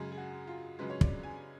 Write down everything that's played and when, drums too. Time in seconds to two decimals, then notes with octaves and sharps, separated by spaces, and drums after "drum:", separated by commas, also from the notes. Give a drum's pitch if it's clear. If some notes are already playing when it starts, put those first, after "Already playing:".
Already playing: F#2 C#3 G#3 G#4
0.12 G#4
0.18 F#4
0.47 F4
0.79 F#2 C#3 G#3 B4
0.90 C#5
1.01 D5, drum: kick
1.23 G#5